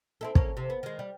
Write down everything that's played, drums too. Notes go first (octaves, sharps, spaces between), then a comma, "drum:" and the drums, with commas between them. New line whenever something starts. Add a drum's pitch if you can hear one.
C4 E4 A4
A#3 C#4, drum: kick
C3
B3
D#3 G#3
G3